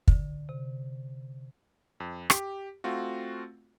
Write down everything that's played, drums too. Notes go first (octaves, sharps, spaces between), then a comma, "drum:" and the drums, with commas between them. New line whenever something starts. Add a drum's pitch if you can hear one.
D3, drum: kick
C3
F2
G4, drum: rim click
A3 C4 F4 F#4